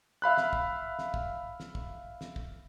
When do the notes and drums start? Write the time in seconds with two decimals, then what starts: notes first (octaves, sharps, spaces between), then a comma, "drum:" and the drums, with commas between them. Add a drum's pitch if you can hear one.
0.22 E5 F5 B5 F#6
0.37 drum: snare
0.53 drum: kick
0.99 drum: snare
1.14 drum: kick
1.60 drum: snare
1.75 drum: kick
2.21 drum: snare
2.36 drum: kick